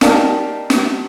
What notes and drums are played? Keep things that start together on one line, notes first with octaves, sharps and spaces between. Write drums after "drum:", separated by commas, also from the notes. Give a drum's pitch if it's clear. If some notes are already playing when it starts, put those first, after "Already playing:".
D#4 G4 A#4 D5 F5 A5, drum: snare
drum: snare